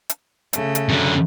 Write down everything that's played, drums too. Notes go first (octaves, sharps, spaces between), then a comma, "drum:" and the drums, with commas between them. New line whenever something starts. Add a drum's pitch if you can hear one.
drum: hi-hat
C#3 A3, drum: hi-hat
drum: hi-hat
F#2 D3